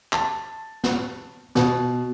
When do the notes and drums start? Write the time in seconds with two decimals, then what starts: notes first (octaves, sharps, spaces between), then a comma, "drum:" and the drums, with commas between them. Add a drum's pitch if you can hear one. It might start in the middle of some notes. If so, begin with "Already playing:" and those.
0.13 A5, drum: clap
0.84 drum: snare
1.55 B2, drum: snare